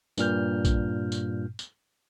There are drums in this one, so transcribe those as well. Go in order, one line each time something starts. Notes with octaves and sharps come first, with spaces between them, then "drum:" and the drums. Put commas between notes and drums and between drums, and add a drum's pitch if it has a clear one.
G2 A#2 F6 G6, drum: tambourine
drum: kick A#1, tambourine
drum: tambourine
drum: tambourine